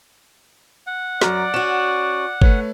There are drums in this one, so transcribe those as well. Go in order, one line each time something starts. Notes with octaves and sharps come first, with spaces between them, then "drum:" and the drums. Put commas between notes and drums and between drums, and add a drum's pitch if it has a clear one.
F#5
F#2 F#3 D5 A#5 F6, drum: snare
C#4 F#4 E7
A3 B4 C#5, drum: kick